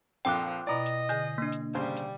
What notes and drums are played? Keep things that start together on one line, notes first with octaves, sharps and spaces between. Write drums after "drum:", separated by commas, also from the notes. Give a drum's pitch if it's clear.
A#1 F3 C4 A4 G5 D6 F#6
B2 E4 D5 D#5 A#5 B5
drum: hi-hat
D3 G#4 G6, drum: hi-hat
A#3 D4
drum: hi-hat
A1 C#3 G3 C5
drum: hi-hat